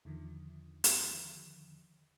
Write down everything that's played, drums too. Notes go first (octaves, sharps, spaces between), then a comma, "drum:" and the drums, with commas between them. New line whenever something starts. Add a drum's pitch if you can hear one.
E2 D3 D#3 F3
drum: hi-hat